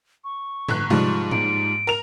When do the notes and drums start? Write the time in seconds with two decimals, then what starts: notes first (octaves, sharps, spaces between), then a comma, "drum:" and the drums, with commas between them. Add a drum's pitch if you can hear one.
0.24 C#6
0.68 G1 F#6, drum: tom
0.90 G#2 F3 G3, drum: tom C3
1.31 D7, drum: tom
1.87 A#4 F7